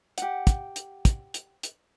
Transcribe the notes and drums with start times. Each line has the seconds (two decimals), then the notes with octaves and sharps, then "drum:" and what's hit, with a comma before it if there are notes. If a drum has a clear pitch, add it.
0.18 G4 F#5, drum: hi-hat
0.47 drum: kick, hi-hat
0.76 drum: hi-hat
1.05 drum: kick, hi-hat
1.34 drum: hi-hat
1.63 drum: hi-hat